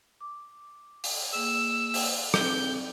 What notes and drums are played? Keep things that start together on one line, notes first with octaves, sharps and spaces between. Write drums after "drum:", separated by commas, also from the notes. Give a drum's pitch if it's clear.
D6
drum: open hi-hat
A#3 G#4 E6
drum: open hi-hat
C4 G#4 A4 G6, drum: rim click